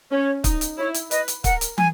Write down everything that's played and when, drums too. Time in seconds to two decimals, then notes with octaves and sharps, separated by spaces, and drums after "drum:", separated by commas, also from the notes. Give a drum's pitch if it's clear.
0.11 C#4 C#5
0.44 D#4, drum: kick, hi-hat
0.61 drum: hi-hat
0.78 E4 C#5
0.94 drum: hi-hat
1.11 B4 D#5, drum: hi-hat
1.28 drum: hi-hat
1.44 A#4 F#5, drum: kick, hi-hat
1.61 drum: hi-hat
1.78 G#5, drum: tom